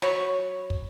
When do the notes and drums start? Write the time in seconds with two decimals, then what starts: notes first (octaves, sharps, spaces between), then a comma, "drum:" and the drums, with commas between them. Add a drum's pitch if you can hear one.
0.02 F#3 F#4 C#5 B5, drum: snare
0.70 drum: kick